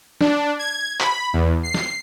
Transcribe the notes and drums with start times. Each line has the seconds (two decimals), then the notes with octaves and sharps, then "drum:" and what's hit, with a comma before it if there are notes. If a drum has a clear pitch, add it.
0.21 D4, drum: snare
0.59 G#6
1.00 B5, drum: clap
1.33 E2
1.63 C7
1.74 drum: snare